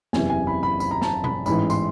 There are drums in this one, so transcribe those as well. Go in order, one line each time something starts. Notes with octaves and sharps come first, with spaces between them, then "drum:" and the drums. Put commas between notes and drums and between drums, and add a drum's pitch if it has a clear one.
F#1 E2 C3 E3 G#5, drum: snare
G#5
B5
B5
B5, drum: tambourine
A#5
A5, drum: snare
B5, drum: tom
A1 G#2 E3 B5, drum: tambourine
C6, drum: tambourine